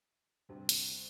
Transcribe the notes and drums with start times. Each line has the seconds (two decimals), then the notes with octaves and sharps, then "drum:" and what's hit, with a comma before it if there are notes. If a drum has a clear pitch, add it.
0.49 D2 C3 G3 C4 G4
0.69 drum: hi-hat